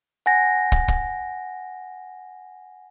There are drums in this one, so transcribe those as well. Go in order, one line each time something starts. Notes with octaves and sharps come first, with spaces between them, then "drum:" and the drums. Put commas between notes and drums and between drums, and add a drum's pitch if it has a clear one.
F#5 G#5 A#6
drum: kick
drum: kick